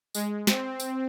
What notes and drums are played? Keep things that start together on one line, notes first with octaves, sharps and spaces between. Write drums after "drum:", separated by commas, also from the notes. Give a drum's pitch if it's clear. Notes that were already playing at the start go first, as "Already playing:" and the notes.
G#3, drum: tambourine
C4, drum: snare
drum: tambourine